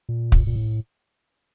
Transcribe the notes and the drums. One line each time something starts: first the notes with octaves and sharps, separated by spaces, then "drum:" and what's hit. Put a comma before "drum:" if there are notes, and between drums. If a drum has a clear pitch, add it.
A#2
drum: kick
A#2
A2